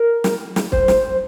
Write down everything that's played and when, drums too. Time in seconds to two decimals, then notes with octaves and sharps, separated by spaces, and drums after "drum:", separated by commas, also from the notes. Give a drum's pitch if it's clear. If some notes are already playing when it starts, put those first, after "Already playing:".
Already playing: A#4
0.24 drum: snare
0.56 drum: snare
0.72 C5, drum: kick
0.88 drum: snare